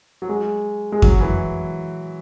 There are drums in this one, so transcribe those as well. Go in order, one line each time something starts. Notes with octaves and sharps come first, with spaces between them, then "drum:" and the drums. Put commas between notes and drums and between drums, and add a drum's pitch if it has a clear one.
F#3
G#3
G#3
F#3, drum: kick F2
E3